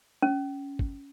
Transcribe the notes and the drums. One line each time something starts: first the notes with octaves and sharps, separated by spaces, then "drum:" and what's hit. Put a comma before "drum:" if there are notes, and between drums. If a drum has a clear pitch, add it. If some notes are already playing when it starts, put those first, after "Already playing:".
C#4
drum: kick